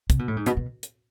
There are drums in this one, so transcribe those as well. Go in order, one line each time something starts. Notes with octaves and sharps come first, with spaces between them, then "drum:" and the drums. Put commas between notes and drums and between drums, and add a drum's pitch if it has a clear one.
C3, drum: kick, hi-hat
B2
A2
G#2
B2, drum: hi-hat
B2
drum: hi-hat